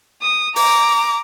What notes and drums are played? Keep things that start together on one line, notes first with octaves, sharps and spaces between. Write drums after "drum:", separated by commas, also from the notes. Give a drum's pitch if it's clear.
D#6
A#5 D6, drum: open hi-hat